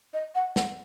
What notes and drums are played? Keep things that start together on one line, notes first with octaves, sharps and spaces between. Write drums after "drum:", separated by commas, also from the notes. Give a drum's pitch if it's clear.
D#5
F#5
F#5, drum: snare